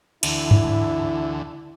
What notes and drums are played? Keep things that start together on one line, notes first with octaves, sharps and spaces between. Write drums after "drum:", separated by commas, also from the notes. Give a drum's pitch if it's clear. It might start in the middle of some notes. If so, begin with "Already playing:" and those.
D2 D3 E3 E4, drum: cymbal
drum: tom G2